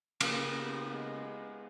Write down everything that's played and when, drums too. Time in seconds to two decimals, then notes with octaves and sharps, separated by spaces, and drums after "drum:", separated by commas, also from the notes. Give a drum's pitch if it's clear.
0.20 C#3 A#3 F4 A5, drum: cymbal
0.59 B3 G4
0.88 G#3 B3